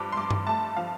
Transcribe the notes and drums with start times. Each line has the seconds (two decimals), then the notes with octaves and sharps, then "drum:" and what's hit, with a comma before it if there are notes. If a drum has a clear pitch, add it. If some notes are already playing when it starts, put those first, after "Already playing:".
Already playing: G2 F3 D6
0.12 C6
0.17 G2 D6
0.30 drum: tom G2
0.47 A3 A5
0.76 F3 F5